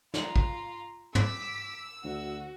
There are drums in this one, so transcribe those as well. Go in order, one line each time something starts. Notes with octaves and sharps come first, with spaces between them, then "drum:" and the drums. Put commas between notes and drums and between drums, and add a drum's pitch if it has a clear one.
F4 A#5, drum: snare
drum: kick
D6 E6 B6, drum: tom
D2 F#4